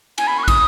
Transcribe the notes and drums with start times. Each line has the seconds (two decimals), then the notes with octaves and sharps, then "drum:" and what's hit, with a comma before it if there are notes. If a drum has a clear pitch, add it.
0.18 G#5, drum: cymbal
0.27 B5
0.38 C#6
0.43 F#6
0.48 D#6, drum: kick, cymbal